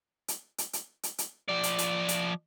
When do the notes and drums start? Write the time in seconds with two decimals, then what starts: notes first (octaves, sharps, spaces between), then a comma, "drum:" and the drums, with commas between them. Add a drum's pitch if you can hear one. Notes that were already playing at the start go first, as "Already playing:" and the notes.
0.28 drum: hi-hat
0.58 drum: hi-hat
0.73 drum: hi-hat
1.03 drum: hi-hat
1.18 drum: hi-hat
1.48 F3 D5
1.63 drum: hi-hat
1.78 drum: hi-hat
2.09 drum: hi-hat